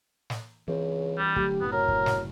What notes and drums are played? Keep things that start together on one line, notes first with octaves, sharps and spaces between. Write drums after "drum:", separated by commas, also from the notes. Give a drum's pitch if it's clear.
drum: snare
C#2 E3 C4
G3
D3 F#3 A3 G4, drum: kick
F#1 A2 C3 B3
F#3 A#4
drum: kick
drum: snare